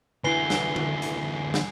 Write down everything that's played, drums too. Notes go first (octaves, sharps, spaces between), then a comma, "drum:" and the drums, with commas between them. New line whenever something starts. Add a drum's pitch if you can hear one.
D2 E3 E4 B4 G#5 C7 G7
drum: snare
drum: tom D3
drum: hi-hat
drum: snare